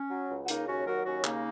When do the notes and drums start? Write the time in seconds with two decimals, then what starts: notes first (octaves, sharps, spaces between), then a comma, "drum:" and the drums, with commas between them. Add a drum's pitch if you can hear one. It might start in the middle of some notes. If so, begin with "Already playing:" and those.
Already playing: C#4
0.10 F#3
0.29 C#2
0.45 F#4
0.48 C#3 A#3 D#4, drum: hi-hat
0.67 D#2 C#4 F#4
0.86 F#3 F#4 A#4
1.06 D#2 C#4 F#4
1.24 C#3 A#3 D#4, drum: clap